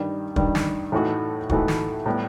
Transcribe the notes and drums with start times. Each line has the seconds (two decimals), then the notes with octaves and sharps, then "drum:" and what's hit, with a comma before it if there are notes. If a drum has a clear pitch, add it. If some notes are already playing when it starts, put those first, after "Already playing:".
Already playing: G2 D#3 G3
0.36 G2 D#3 G3, drum: kick
0.55 drum: snare
0.92 A2 E3 A3 D#4 F#4
1.49 A2 E3 A3 D#4 F#4, drum: kick
1.68 drum: snare
2.06 A2 G3 B3